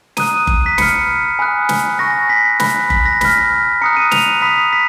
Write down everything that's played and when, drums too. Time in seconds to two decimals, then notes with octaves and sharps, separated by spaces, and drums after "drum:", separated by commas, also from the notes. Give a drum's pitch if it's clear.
0.17 A#5 D#6 F#6 D#7, drum: snare
0.47 drum: kick F#1
0.66 B6
0.78 B5 F6 C#7, drum: snare
1.39 G#5 B5 D#6 F#6
1.69 drum: snare
1.99 G#5 C#6 F#6 A#6
2.29 B6
2.60 B5 F#6, drum: snare
2.90 B6, drum: kick F#1
3.05 A#6
3.21 B5 F6 B6, drum: snare
3.81 A#5 D#6 F#6 C#7
3.97 D#7
4.11 F7, drum: snare
4.42 B5 D#6 F#6 B6
4.73 B6